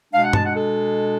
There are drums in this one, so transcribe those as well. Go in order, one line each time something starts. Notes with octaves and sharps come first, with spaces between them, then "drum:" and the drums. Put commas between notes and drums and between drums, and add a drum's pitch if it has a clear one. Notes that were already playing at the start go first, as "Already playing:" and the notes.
B2 G#3 D4 F5
F#5
A5, drum: tom G2
F#5
A4